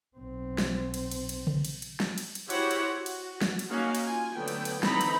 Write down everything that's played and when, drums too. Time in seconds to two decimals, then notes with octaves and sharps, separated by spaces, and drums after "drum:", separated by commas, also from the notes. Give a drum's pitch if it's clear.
0.17 B1 C4
0.58 drum: snare
0.94 drum: cymbal
1.11 drum: cymbal
1.29 drum: cymbal
1.47 drum: tom C#3
1.65 drum: cymbal
1.82 drum: cymbal
2.00 drum: snare
2.18 drum: cymbal
2.35 drum: cymbal
2.50 E4 F#4 G4 C5 C#5 F#5, drum: cymbal
2.71 drum: cymbal
2.93 F#4
3.06 drum: cymbal
3.41 drum: snare
3.59 drum: cymbal
3.70 A#3 C#4 D#4 F#4 F5
3.95 drum: cymbal
4.04 F4 G#5
4.34 D3 F#3 A3 B3 G5
4.48 drum: cymbal
4.65 drum: cymbal
4.83 D3 E3 C4 D#4 A#5 B5, drum: snare
5.01 drum: cymbal